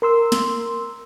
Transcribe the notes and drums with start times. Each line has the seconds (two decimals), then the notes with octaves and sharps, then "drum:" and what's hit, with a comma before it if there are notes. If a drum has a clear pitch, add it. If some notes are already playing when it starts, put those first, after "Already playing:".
0.02 A#4 C6 E6
0.32 drum: snare